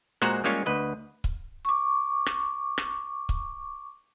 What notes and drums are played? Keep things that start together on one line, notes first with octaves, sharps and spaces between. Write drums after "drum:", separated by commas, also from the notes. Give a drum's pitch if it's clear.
A#2 G#3 F#4 C5 F#5 A#5, drum: rim click
G3 G#3 A#3 C#4 F4 C#5
D2 B4 D#5
drum: kick C#1
C#6 D6
drum: rim click
drum: rim click
drum: kick C#1